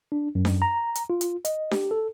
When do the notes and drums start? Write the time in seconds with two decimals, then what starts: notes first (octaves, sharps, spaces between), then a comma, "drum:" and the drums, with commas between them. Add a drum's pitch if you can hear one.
0.12 D4
0.35 F#2
0.45 drum: snare D4
0.62 A#5
0.95 drum: hi-hat
1.10 F4
1.21 drum: hi-hat
1.45 D#5, drum: hi-hat
1.71 G4, drum: snare D4
1.91 A4